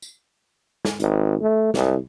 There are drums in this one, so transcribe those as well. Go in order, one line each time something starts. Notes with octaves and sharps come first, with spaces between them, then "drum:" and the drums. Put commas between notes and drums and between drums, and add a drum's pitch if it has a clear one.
drum: tambourine
drum: snare
G#1, drum: hi-hat
A3
C2, drum: snare